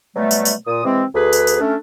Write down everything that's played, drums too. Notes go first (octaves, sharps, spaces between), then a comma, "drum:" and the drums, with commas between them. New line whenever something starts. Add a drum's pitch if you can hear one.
B2 F#3 G3 A3
drum: tambourine
drum: tambourine
A#2 D#6
C3 E3 G#3 C4
D2 G#4 B4
drum: tambourine
drum: tambourine
A3 C#4 D4